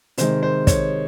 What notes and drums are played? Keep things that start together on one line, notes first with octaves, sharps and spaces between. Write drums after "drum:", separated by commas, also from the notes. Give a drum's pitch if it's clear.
C3 D#3 G#3 C5, drum: hi-hat
C5
C#5, drum: kick, hi-hat